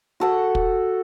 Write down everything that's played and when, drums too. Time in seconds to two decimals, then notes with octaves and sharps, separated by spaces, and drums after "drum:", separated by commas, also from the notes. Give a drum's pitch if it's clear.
0.20 F#4 A4 F#5
0.55 drum: kick